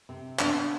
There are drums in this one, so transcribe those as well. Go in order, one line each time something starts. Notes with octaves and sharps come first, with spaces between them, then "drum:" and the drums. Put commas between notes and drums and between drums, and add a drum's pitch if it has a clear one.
C3
B3 D4, drum: clap